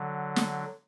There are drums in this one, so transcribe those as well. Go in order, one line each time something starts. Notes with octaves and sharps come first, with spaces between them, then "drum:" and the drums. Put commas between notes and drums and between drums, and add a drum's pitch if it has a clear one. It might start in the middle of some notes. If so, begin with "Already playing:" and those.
Already playing: D3 F#3
drum: snare